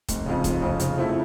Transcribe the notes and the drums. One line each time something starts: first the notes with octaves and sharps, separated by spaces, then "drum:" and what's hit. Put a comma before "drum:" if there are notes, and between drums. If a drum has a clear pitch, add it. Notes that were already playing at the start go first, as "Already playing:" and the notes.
F1, drum: kick, hi-hat
F2 C#3
F1, drum: kick, hi-hat
F2 C#3
C#3, drum: hi-hat
F3 A3 C4 E4